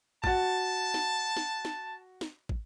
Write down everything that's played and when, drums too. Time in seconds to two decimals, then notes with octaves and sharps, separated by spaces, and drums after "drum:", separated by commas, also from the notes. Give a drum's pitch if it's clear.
0.24 F#4 A5 A6, drum: kick
0.94 drum: snare
1.37 drum: snare
1.65 drum: snare
2.21 drum: snare
2.49 drum: kick